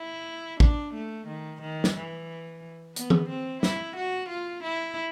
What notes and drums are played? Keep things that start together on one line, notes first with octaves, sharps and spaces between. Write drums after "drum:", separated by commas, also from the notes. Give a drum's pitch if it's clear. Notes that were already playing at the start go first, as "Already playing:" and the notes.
Already playing: E4
D4, drum: kick
A3
D#3
D#3
drum: snare
E3
B3, drum: hi-hat
drum: tom E3
C4
E4, drum: snare
F#4
F4
E4